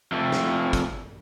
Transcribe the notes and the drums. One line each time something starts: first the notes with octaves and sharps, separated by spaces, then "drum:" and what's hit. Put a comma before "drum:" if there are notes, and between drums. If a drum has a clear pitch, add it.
F2 A3
drum: snare
drum: kick, hi-hat